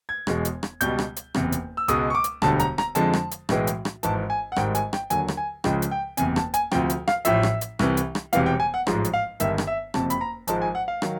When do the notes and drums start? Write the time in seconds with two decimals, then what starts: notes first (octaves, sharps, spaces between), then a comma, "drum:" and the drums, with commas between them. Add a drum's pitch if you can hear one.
0.09 G#6
0.27 E1 E2 B2 G#3, drum: rim click
0.45 drum: hi-hat
0.63 drum: rim click
0.81 C#2 B2 G3 G6, drum: hi-hat
0.99 drum: rim click
1.16 drum: hi-hat
1.34 F#1 E2 C3, drum: rim click
1.52 drum: hi-hat
1.77 E6
1.88 C#2 B2 G#3 D#6, drum: hi-hat
2.10 C#6
2.15 D6
2.24 drum: hi-hat
2.42 E1 D2 D3 G3 A5, drum: rim click
2.59 A#5, drum: hi-hat
2.78 A#5, drum: rim click
2.95 F2 D3 F3 G#3 A5, drum: hi-hat
3.13 drum: rim click
3.31 drum: hi-hat
3.49 B1 A2 E3 G#3, drum: rim click
3.67 drum: hi-hat
3.85 drum: rim click
4.03 G#1 G#2 E3 A5, drum: hi-hat
4.30 G#5
4.52 F#5
4.56 G#1 G#2 D#3 G3 G5, drum: rim click
4.75 G#5, drum: hi-hat
4.93 G5, drum: rim click
5.10 D#2 D3 F#3 G#5, drum: hi-hat
5.28 drum: rim click
5.37 G#5
5.64 C#2 C#3 F3 G#3 G5, drum: rim click
5.82 drum: hi-hat
5.91 G5
6.17 F#1 E2 C3 G#5, drum: hi-hat
6.36 A5, drum: rim click
6.54 G#5, drum: hi-hat
6.71 D2 C3 F3 G5, drum: rim click
6.90 drum: hi-hat
7.08 F5, drum: rim click
7.25 A1 A2 F3 E5, drum: hi-hat
7.43 drum: rim click
7.61 drum: hi-hat
7.79 C2 C3 E3, drum: rim click
7.97 drum: hi-hat
8.15 drum: rim click
8.33 E1 E2 C3 E3 G3 F5, drum: hi-hat
8.46 G5
8.60 G#5
8.74 F#5
8.87 A1 G#2 F3 G#3, drum: rim click
9.04 drum: hi-hat
9.14 F5
9.40 G1 G2 D#3 E5, drum: hi-hat
9.58 drum: rim click
9.67 E5
9.94 F#1 F2 C3 A5, drum: rim click
10.10 B5, drum: hi-hat
10.21 A#5
10.47 G#1 G#2 F3 G#3 A5, drum: hi-hat
10.62 G#5
10.75 F#5
10.88 F5
11.02 D#3 F#3, drum: rim click